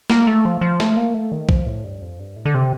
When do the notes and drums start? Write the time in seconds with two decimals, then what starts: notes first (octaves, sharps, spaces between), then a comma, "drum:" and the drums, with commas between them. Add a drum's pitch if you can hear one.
0.10 A#3, drum: snare
0.27 A3
0.45 F3
0.61 F3
0.80 A3, drum: snare
0.97 A#3
1.14 A3
1.32 D#3
1.49 F3, drum: kick
1.67 A2
1.84 G2
2.02 F2
2.19 G2
2.36 A2
2.45 D3
2.54 C3